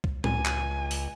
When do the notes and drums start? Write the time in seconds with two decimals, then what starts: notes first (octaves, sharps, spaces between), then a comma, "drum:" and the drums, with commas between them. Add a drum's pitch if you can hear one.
0.04 drum: kick C2
0.24 C#2 G#5, drum: tom A2
0.45 drum: clap
0.91 drum: open hi-hat